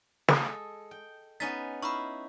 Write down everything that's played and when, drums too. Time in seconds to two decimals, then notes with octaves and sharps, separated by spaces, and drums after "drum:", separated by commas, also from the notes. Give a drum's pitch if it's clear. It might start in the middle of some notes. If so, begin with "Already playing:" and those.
0.28 G#3 A4 D#6, drum: snare
0.91 G5
1.40 B3 C#4 D#4 A6 B6
1.82 D#4 E4 F5 B5 C#6